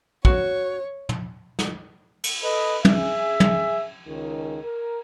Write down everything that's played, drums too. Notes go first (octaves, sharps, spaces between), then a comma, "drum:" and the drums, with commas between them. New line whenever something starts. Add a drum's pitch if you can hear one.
F#4 C#5, drum: kick
drum: tom
drum: snare
drum: cymbal
A4 B4 D#5
G#4 E5, drum: tom
drum: tom
C#2 D#3
A#4